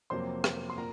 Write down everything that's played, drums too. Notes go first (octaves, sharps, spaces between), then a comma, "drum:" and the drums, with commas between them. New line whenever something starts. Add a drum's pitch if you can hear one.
F2 C3 F#3 A#3 C5 C6
drum: rim click
C6
A#2 A#4 A#5